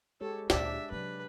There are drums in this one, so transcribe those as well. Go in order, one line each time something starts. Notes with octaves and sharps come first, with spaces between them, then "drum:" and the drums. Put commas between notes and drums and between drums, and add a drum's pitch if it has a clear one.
G#3 G4 A4 C#5
D2 A#2 D4 G4 D5 E5, drum: snare
C3 F#3 B4